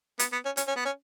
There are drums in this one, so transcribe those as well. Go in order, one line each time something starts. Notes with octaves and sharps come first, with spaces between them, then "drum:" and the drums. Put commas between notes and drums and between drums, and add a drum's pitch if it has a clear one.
B3, drum: hi-hat
B3
C#4
C#4, drum: hi-hat
C#4
B3
C#4